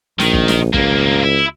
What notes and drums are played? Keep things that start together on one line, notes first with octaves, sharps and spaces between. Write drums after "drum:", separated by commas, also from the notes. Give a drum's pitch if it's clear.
A#1 D#3, drum: snare
drum: kick
drum: snare
C#2 G2 A#3, drum: kick
E4